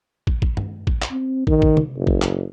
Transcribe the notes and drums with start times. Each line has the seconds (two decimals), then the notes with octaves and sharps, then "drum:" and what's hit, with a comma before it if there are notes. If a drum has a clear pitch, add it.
0.27 drum: kick
0.42 drum: kick
0.57 drum: tom
0.87 drum: kick
1.02 drum: clap
1.11 C4
1.47 D#3, drum: kick
1.62 drum: kick
1.77 drum: tom C3
1.96 F#1
2.07 drum: kick
2.22 drum: clap